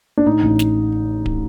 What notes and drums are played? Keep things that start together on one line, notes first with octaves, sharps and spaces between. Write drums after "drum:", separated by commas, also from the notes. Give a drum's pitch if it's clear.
D4
A2 D#4
A1
drum: snare
drum: kick